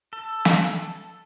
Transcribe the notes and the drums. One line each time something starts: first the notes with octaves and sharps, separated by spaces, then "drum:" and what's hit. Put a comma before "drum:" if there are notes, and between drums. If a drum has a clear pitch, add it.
A4
drum: snare